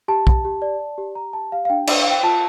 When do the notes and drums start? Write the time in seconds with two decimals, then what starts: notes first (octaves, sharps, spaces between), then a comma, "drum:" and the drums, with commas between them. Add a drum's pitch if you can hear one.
0.08 G4 A5
0.27 G4, drum: kick
0.45 G4
0.62 D5
0.80 D5
0.98 G4
1.15 G4 A#5
1.33 G4 A5
1.52 G4 F5
1.65 F5
1.70 D4 G5
1.87 D4, drum: cymbal
2.00 F5
2.05 C5
2.11 G5
2.23 F4 A5